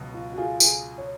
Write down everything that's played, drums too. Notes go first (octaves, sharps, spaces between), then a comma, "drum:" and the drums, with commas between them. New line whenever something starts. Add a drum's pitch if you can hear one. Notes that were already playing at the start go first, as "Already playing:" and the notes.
Already playing: C#2 B2 F#3
F4
F#4
F4 G#4
F4 G#4, drum: tambourine
C#5